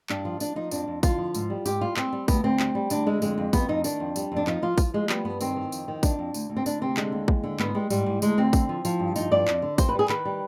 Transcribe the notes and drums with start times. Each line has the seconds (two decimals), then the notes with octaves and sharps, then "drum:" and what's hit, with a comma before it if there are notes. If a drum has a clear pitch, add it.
0.09 G2 D4, drum: clap
0.25 F3
0.40 F3 D4, drum: tambourine
0.56 F3 D#4
0.71 F2 D4, drum: tambourine
0.88 F2
1.03 D3 F4, drum: kick, tambourine
1.18 F3
1.35 G#2, drum: tambourine
1.50 G3
1.66 G#2 G4, drum: tambourine
1.81 G3 F4
1.96 G3 C4, drum: clap
2.13 G3
2.28 D2 B3, drum: kick, tambourine
2.44 D2 C4
2.59 G3, drum: clap
2.75 G3
2.90 D2 D4, drum: tambourine
3.06 D3 G#3
3.22 F2 G#3, drum: tambourine
3.38 F2
3.53 F2 B3, drum: kick, tambourine
3.69 F2 D#4
3.84 D#3 D4, drum: tambourine
4.00 F2
4.16 G3, drum: tambourine
4.32 F2 D4
4.47 F3 D#4, drum: clap
4.62 F3 F4
4.78 F3, drum: kick, tambourine
4.94 F3 G#3
5.09 G3 B3, drum: clap
5.25 G2 B3
5.41 D#3 C4, drum: tambourine
5.56 D#3
5.72 F2, drum: tambourine
5.88 D#3
6.03 F2 D4, drum: kick, tambourine
6.19 F2
6.34 D2, drum: tambourine
6.50 D2
6.57 C4
6.66 D2 D4, drum: tambourine
6.81 C3 C4
6.97 D3 G#3, drum: clap
7.12 D#2
7.28 D#2, drum: kick
7.44 D3
7.59 G#2 B3, drum: clap
7.75 G3 G#3
7.90 G#2 G3, drum: tambourine
8.06 G#2
8.22 D2 G#3, drum: tambourine
8.38 D2 C4
8.53 D3, drum: kick, tambourine
8.69 F3
8.85 F3, drum: tambourine
8.99 G2
9.16 F3 D#4, drum: tambourine
9.31 G2 D5
9.48 F2, drum: clap
9.62 D3
9.78 F2 C5, drum: kick, tambourine
9.89 B4
9.94 G3 G#4
10.09 D#3 B4, drum: clap
10.25 G3